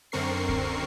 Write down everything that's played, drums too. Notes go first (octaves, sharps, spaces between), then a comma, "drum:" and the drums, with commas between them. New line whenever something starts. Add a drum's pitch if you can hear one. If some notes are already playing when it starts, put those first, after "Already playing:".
F#2 D3 C4 A#4 C#6 C7
drum: kick C#2